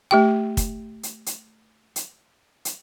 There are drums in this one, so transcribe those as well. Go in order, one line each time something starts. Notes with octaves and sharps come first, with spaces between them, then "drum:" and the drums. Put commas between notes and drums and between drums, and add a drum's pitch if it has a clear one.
A3 G4 G5
drum: kick, hi-hat
drum: hi-hat
drum: hi-hat
drum: hi-hat
drum: hi-hat